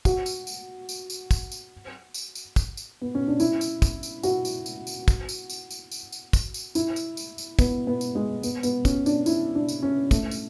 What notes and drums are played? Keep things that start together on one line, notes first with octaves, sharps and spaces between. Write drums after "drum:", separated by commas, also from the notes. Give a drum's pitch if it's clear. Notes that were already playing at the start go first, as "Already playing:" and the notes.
F#4, drum: kick, tambourine
drum: tambourine
drum: tambourine
drum: tambourine
drum: tambourine
drum: kick, tambourine
drum: tambourine
drum: tambourine
drum: tambourine
drum: kick, tambourine
drum: tambourine
B3
C#4
D4
E4, drum: tambourine
drum: tambourine
drum: kick, tambourine
drum: tambourine
F#4, drum: tambourine
drum: tambourine
drum: tambourine
drum: tambourine
drum: kick, tambourine
drum: tambourine
drum: tambourine
drum: tambourine
drum: tambourine
drum: tambourine
drum: kick, tambourine
drum: tambourine
E4, drum: tambourine
drum: tambourine
drum: tambourine
drum: tambourine
B3, drum: kick, tambourine
B3
drum: tambourine
G#3
B3, drum: tambourine
B3, drum: tambourine
C#4, drum: kick, tambourine
D4, drum: tambourine
E4, drum: tambourine
D4
drum: tambourine
C#4
A3, drum: kick, tambourine
drum: tambourine